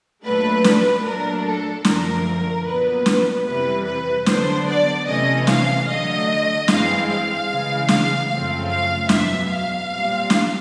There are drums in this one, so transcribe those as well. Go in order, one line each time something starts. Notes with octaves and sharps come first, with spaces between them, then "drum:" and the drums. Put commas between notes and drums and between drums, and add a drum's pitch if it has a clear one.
A#2 F#3 A3 D4 B4
drum: snare
A#2 F#3 A3 D4 A#4
A4
F#2 D3 F3 A3 A#4, drum: snare
A#2 F#3 B3 B4
drum: snare
F2 C3 E3 G3 B4
B4
D3 F#3 B3 D4 C5, drum: snare
D5
C3 E3 A3 C#4 D#5
F5, drum: snare
D3 F#3 A3 D#5
G2 E3 G#3 C4 F5, drum: snare
F5
C#3 E3 G#3
F5, drum: snare
F#2 C#3 F3 A3 C4 F5
F5
E2 B2 F#3 E5, drum: snare
F5
A#2 G3 C4
drum: snare